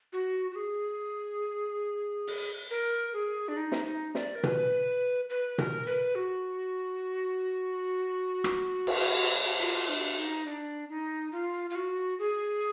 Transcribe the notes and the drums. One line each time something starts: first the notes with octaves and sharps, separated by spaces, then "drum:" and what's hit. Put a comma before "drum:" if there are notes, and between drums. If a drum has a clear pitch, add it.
F#4
F#4
G#4
drum: open hi-hat
A#4
G#4
D4
D#4
drum: snare
D#4
D5, drum: snare
A#4
B4, drum: tom B2
B4
A#4, drum: tom B2
B4
F#4
drum: rim click
drum: cymbal
F4, drum: open hi-hat
D4
D#4
D4
D#4
F4
F4
F#4
G#4